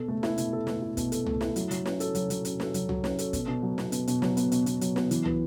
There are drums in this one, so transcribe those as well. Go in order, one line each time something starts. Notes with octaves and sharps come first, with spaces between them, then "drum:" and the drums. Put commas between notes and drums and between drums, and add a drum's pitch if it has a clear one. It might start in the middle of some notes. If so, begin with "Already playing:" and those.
Already playing: B2 A4
A3
E4, drum: snare
B2, drum: hi-hat
A4
A3, drum: snare
E4
B2, drum: kick, hi-hat
A4, drum: hi-hat
A3, drum: tom
E4, drum: snare
F#3, drum: hi-hat
F#3, drum: hi-hat
C#4, drum: snare
A4, drum: hi-hat
F#3, drum: hi-hat
F#3, drum: hi-hat
C#4, drum: hi-hat
A4, drum: snare
F#3, drum: hi-hat
F#3, drum: tom
C#4, drum: snare
A4, drum: hi-hat
B2, drum: kick, hi-hat
B2
F#3
B3, drum: snare
B2, drum: hi-hat
B2, drum: hi-hat
F#3, drum: snare
B3, drum: hi-hat
B2, drum: hi-hat
B2, drum: hi-hat
F#3, drum: hi-hat
B3, drum: snare
E3, drum: hi-hat
E3, drum: tom